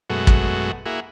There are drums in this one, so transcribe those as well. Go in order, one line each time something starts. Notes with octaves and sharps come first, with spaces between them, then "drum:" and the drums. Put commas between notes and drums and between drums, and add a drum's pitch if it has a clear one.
F#2 B2 G#3 A3 F#4
drum: kick
A#3 E4 F#4 G#4